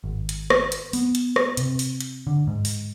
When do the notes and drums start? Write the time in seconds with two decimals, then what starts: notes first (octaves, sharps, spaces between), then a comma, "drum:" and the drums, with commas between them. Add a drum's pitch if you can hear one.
0.04 G#1
0.29 drum: hi-hat
0.50 drum: rim click
0.72 drum: hi-hat
0.93 B3, drum: open hi-hat
1.15 drum: hi-hat
1.36 drum: rim click
1.57 C3, drum: hi-hat
1.79 drum: open hi-hat
2.01 drum: hi-hat
2.27 D3
2.47 G#2
2.65 drum: open hi-hat